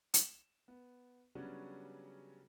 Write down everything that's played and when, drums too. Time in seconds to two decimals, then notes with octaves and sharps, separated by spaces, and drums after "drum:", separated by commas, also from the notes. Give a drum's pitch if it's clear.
0.14 E7, drum: hi-hat
0.68 B3
1.35 C#3 F#3 G3 B3 C#4 D4